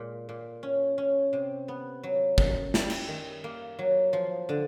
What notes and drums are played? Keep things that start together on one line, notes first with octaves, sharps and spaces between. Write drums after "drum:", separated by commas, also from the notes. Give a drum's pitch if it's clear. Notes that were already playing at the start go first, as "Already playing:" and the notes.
Already playing: A#2 G#3
A#2
C#4
C#4
C3
B3
F#3
F#2, drum: kick
G3, drum: snare
drum: cymbal
D#3
A#3
F#3
F3
D3